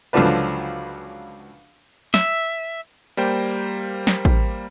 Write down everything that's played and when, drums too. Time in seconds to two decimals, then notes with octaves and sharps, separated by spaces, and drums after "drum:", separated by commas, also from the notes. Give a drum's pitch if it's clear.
0.13 C#2 D3 F3 F#3 D4 B4
2.14 E5, drum: snare
3.17 G3 A#3 C5 G5
4.07 drum: snare
4.25 drum: kick A1